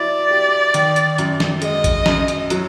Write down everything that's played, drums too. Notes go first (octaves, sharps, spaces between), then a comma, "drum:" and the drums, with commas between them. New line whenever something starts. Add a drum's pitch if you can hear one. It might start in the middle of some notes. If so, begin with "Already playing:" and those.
Already playing: F#3 E4 D5
G4
D#3, drum: hi-hat
drum: hi-hat
F#2, drum: hi-hat
drum: snare
G#3 D#5, drum: hi-hat
drum: kick A1, hi-hat
F#2, drum: snare
drum: hi-hat
F#3, drum: hi-hat